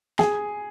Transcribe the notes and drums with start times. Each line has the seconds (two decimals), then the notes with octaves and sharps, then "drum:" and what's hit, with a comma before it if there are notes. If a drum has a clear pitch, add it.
0.19 G#4, drum: snare